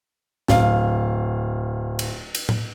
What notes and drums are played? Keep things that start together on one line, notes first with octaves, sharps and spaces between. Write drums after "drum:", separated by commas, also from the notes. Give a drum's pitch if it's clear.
D1 F5, drum: snare C#4
drum: cymbal
drum: cymbal
drum: tom A2